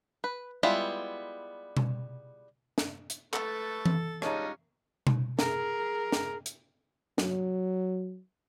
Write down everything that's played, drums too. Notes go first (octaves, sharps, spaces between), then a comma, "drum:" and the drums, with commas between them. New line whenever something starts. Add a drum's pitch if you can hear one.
B4
G3 G#3 B3 E4 F4
drum: tom B2
drum: snare
drum: hi-hat
A3 A4 B4 C#6, drum: clap
drum: tom E3
G3 G#3 C#4 D#4 F4 G#4 C#5 A5, drum: rim click
drum: tom B2
G#4 A#4, drum: snare
drum: snare
drum: hi-hat
F#3, drum: snare